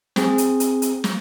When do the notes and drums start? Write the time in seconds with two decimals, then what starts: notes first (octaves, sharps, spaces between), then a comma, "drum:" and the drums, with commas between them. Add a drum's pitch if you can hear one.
0.16 C4 G#4, drum: snare
0.38 drum: hi-hat
0.60 drum: hi-hat
0.82 drum: hi-hat
1.04 drum: snare